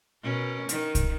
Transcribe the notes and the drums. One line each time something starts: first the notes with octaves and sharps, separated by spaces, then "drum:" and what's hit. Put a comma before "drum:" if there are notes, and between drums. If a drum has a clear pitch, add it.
B2 C#4 A#4
D#3, drum: hi-hat
drum: kick, hi-hat